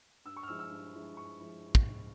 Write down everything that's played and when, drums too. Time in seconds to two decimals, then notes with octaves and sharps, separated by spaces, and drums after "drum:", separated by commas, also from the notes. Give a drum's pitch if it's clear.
0.25 G2 E6
0.36 C#6
0.43 F6
0.48 F3 G#3 E4 E6
0.59 E6
0.71 G2
0.94 F3 G#3 E4
1.17 G2 C#6
1.39 F3 G#3 E4
1.62 G2
1.75 drum: kick
1.85 F3 G#3 E4